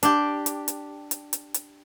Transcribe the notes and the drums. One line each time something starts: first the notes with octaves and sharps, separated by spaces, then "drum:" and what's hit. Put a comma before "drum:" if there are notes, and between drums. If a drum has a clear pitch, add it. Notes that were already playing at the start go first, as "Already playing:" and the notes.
D4 G4, drum: hi-hat
drum: hi-hat
drum: hi-hat
drum: hi-hat
drum: hi-hat
drum: hi-hat